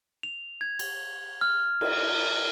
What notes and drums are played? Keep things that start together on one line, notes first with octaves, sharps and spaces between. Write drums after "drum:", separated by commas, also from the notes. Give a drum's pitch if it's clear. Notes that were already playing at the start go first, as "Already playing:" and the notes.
F7
G#6
drum: cymbal
F6
drum: cymbal